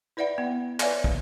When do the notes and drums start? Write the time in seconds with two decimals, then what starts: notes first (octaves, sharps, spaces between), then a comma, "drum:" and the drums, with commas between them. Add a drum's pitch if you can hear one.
0.17 E4 B4 D5 E5 F#5 B5
0.38 B3
0.80 B4 C#5 D5 E5 F5 G#5, drum: clap
1.04 drum: kick